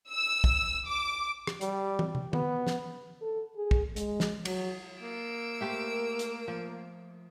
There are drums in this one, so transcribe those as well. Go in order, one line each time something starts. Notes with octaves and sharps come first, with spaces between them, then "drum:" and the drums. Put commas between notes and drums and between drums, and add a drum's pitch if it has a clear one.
E6
drum: kick
D6
drum: rim click
G3, drum: hi-hat
drum: tom
drum: tom
B3, drum: tom D#3
drum: snare
A4
G#4
drum: kick
G#3, drum: hi-hat
drum: snare
F#3, drum: cymbal
A#3 E6 D7
A3 G4 A#4 C5
drum: hi-hat
F3